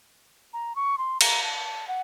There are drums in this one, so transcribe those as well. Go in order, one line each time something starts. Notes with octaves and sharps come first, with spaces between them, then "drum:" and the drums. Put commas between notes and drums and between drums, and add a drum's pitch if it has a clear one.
A#5
C#6
C6
A#5, drum: cymbal
A5
F#5